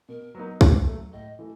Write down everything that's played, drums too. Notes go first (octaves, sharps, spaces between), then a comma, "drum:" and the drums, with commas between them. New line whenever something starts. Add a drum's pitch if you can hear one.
B2 A#4
F#3 B3 D#4
A2, drum: kick B1
F#3 A3
A2 D#5
E3 A3